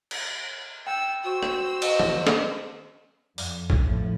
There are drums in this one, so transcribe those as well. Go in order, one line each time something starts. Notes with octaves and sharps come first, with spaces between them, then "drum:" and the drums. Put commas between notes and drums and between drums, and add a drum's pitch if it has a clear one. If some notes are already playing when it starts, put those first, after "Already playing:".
drum: cymbal
G5 E6
F#4 C5 E6
drum: rim click
D#5, drum: cymbal
drum: tom D#3
drum: snare
F2, drum: open hi-hat
drum: kick
A2 F3